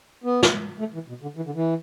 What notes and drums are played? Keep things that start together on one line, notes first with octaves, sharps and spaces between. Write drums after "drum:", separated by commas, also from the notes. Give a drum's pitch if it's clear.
B3
drum: snare
A3
E3
B2
D3
E3
D3
E3